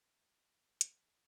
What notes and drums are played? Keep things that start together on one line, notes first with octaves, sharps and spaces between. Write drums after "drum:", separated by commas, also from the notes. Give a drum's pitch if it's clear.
E3
D3
F#3
E3, drum: hi-hat
F#3